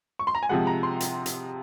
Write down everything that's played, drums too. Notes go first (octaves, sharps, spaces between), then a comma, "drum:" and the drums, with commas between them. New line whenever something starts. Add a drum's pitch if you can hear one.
C#6
C6
A#5
G#5
C3 F3 G#3 F#5
A#5
C6
drum: hi-hat
drum: hi-hat